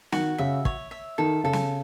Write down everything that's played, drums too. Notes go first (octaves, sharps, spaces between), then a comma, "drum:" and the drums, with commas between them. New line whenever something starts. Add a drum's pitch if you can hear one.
D#3 F#4, drum: snare
C#3 E5
C#5, drum: kick
E5
D#3 A4
C#3 A4
drum: snare